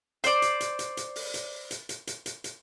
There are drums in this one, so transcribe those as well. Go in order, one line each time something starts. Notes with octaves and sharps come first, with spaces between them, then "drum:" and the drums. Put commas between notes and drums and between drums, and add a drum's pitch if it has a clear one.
C5 D5, drum: hi-hat
drum: hi-hat
drum: hi-hat
drum: hi-hat
drum: hi-hat
drum: open hi-hat
drum: hi-hat
drum: hi-hat
drum: hi-hat
drum: hi-hat
drum: hi-hat
drum: hi-hat